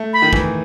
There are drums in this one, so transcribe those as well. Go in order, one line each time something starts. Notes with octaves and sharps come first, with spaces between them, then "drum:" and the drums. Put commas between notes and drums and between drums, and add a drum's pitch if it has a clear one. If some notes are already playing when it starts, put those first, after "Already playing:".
Already playing: A3
B5
D#3
E3, drum: kick